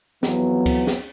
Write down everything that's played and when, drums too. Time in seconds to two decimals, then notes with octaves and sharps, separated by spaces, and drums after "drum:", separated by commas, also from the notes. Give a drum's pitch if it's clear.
0.23 F2 E3 F#3 B3, drum: snare
0.66 drum: kick C#2, cymbal
0.87 drum: snare